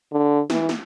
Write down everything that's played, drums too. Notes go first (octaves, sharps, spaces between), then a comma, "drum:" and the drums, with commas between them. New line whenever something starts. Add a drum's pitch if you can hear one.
D3
E3, drum: snare
drum: snare